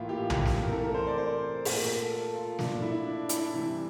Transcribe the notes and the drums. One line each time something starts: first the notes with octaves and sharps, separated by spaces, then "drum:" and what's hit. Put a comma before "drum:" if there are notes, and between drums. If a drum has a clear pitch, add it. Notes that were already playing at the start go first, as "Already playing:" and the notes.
Already playing: A2 E3 A#3 E4 F4
G4
drum: tom B1
drum: snare
A#4
C3 E3 A3 A4
A#4
C5
D5
C5
A#2 A3 A#4, drum: open hi-hat
A4
A4
F4
A#2 A3 D4, drum: snare
E4
D4
E4, drum: hi-hat
C3 E3 G3